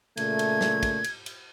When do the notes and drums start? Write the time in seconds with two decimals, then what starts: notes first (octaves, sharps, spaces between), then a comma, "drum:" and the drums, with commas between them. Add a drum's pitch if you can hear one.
0.17 A#2 C#3 A3 G#6, drum: cymbal
0.39 drum: cymbal
0.61 drum: snare
0.83 drum: kick, cymbal
1.04 drum: cymbal
1.26 drum: cymbal